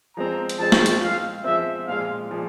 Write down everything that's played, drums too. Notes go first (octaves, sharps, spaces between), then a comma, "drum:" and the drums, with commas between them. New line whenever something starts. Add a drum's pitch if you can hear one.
F3 G#3 C4 A#5
drum: hi-hat
F3 G#3 C4 A5
drum: snare
drum: hi-hat
F3 G#3 C4 F5
F3 G#3 C4 E5
A#2 F3 G#3 F5
A#2 F3 G#3